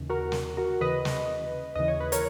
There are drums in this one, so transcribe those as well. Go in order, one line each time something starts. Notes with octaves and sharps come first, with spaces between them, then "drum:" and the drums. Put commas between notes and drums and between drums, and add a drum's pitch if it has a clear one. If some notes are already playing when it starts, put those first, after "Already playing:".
Already playing: D#2 C#3 E3
F#4 A#4
drum: snare
F#4 A#4
D#2 C#3 E3 B4 D#5
drum: snare
D#2 C#3 E3 D#5
C#5
B4
A#4 C#5, drum: hi-hat